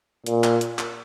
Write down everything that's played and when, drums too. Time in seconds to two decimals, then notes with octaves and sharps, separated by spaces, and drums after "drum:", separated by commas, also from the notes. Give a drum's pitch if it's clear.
0.26 A#2, drum: hi-hat
0.44 drum: clap
0.61 drum: hi-hat
0.79 drum: clap